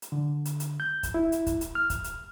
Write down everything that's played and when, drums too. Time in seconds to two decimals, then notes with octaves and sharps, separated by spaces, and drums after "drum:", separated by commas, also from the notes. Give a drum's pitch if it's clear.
0.02 drum: hi-hat
0.12 D3
0.45 drum: hi-hat
0.60 drum: hi-hat
0.80 G6
1.03 drum: kick, hi-hat
1.14 E4
1.32 drum: hi-hat
1.46 drum: kick, hi-hat
1.61 drum: hi-hat
1.75 F6
1.90 drum: kick, hi-hat
2.04 drum: hi-hat